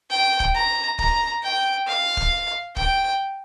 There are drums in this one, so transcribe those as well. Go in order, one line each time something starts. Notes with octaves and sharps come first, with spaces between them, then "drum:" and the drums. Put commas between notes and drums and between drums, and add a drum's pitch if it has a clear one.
G5
drum: kick
A#5
A#5, drum: kick
G5
F5
drum: kick
G5, drum: kick